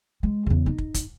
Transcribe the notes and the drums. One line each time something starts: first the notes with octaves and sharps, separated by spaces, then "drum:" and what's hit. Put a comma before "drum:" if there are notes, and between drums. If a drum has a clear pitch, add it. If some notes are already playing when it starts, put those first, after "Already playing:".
G#3
E2 C#3
D#4
drum: kick
drum: kick, hi-hat